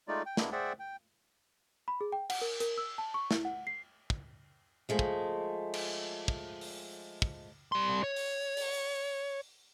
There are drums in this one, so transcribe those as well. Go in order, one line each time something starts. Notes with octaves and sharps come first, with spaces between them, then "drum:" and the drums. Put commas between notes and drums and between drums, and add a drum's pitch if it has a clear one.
G#3 A3 D#4 F4 D5
G5
G#3 A#3 B3 D4 E4, drum: snare
G#4 C5 D5 E5 F#5 G5
G5
B5
G#4
G5
F#5, drum: cymbal
A#4
A#4, drum: hi-hat
E6
A5
C#6
E4, drum: snare
F#5
C7
drum: kick
F3 G#3 A3
drum: kick
drum: cymbal
drum: kick
drum: open hi-hat
drum: kick
G3 C6
C#5
drum: open hi-hat
drum: open hi-hat